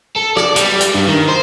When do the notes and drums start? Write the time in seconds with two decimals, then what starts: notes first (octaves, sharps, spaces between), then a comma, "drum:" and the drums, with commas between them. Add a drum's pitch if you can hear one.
0.16 A4
0.37 D5, drum: rim click
0.56 G3, drum: hi-hat
0.81 drum: hi-hat
0.94 G2
1.08 D#3
1.28 C5